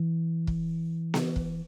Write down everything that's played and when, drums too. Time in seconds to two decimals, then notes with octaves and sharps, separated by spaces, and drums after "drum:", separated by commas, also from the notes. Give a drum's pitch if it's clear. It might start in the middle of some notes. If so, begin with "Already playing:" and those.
Already playing: E3
0.47 drum: kick
1.14 drum: snare B3
1.36 drum: kick